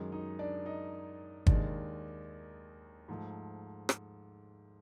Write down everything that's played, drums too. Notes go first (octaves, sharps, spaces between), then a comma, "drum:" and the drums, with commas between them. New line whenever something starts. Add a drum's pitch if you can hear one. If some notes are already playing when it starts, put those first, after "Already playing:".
Already playing: F#2 D#3 G#3
D#4 D#5
D4 D5
D#4 D#5
D#2 D#3 G#3 D4 D5, drum: kick
G#2 F3 A3
drum: rim click